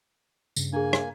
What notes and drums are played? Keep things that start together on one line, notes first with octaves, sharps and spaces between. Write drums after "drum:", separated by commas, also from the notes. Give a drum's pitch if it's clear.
G2 C#3, drum: tambourine
A#3 D4 G#4 G#5
drum: rim click